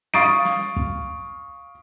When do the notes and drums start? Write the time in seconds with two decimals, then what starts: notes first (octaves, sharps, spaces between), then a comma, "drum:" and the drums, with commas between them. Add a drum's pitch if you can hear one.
0.14 F5 C#6 D#6 A6 C7 D7, drum: snare
0.45 drum: snare
0.77 drum: kick